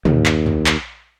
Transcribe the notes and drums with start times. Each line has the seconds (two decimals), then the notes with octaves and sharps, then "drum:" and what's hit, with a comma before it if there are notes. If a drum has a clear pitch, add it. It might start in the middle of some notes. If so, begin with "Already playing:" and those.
0.05 D#2, drum: tom
0.26 drum: clap
0.46 drum: tom
0.66 drum: clap